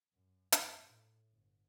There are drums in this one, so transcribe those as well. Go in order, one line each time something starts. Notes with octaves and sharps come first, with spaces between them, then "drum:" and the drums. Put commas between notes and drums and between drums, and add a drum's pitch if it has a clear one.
F#2
F#2, drum: hi-hat
A2
G1